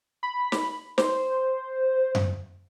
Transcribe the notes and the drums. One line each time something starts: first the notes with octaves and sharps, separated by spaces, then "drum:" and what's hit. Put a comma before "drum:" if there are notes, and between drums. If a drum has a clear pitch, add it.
B5
drum: snare
C5, drum: snare
drum: tom F#2